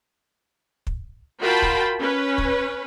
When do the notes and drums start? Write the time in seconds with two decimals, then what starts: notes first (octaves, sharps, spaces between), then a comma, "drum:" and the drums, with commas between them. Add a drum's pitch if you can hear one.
0.87 drum: kick
1.41 F4 F#4 A#4 G5 A5 B5
1.62 drum: kick
2.00 C#4 B4
2.38 drum: kick